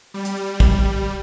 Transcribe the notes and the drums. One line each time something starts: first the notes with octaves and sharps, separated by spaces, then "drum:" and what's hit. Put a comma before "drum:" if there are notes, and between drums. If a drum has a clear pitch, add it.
G3
drum: hi-hat
drum: kick